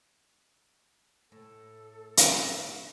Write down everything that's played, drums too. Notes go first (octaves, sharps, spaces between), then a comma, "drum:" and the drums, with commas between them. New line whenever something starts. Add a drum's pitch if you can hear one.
A2 A4
drum: hi-hat